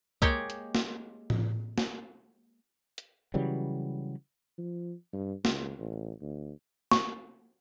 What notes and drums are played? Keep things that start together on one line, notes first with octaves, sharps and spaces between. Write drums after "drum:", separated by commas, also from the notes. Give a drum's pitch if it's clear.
G#3 A#3 G4 C#5 G5, drum: kick C2
drum: hi-hat
drum: snare
drum: tom A2
drum: snare
drum: hi-hat
C#3 E3 F#3 G3
F3
G2
C#2, drum: snare
A1
D2
C#6, drum: snare